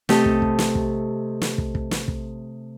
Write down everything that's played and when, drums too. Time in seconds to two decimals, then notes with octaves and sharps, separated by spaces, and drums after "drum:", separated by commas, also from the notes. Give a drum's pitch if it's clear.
0.09 C3 A3 G4 A4 D#5 A5, drum: snare
0.25 drum: kick
0.42 drum: kick
0.59 drum: snare
0.75 drum: kick
1.42 drum: snare
1.58 drum: kick
1.75 drum: kick
1.91 drum: snare
2.08 drum: kick